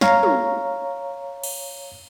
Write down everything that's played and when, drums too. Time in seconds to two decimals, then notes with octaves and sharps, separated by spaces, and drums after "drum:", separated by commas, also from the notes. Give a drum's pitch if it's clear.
0.01 C#5 F5 A#5, drum: snare
0.23 drum: tom
1.44 drum: cymbal